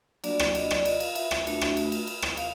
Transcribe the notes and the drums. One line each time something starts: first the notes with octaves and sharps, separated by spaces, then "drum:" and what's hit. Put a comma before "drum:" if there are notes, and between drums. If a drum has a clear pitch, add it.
F#3 A#3 D4 F#4 D5, drum: cymbal
drum: rim click
D#5, drum: cymbal
D5, drum: rim click
D#5, drum: cymbal
F5, drum: cymbal
E5, drum: cymbal
drum: rim click
A3 D4 F#4, drum: cymbal
drum: rim click
drum: cymbal
drum: cymbal
drum: cymbal
drum: rim click
F5, drum: cymbal